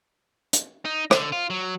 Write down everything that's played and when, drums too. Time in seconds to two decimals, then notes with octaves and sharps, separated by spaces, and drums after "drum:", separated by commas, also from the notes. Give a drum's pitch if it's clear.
0.53 drum: hi-hat
0.85 D#4
1.11 D3, drum: rim click
1.32 F4
1.50 F#3